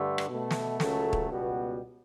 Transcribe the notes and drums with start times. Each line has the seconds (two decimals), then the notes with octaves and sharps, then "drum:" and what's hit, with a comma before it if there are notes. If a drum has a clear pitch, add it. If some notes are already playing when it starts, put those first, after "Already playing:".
Already playing: G2 D3 A3
0.18 drum: rim click
0.29 B2 A3
0.51 drum: snare
0.80 C#2 C#3 F#3 A3 A4, drum: snare
1.13 drum: kick D#1
1.31 C#2 B2 G3 B3 F#4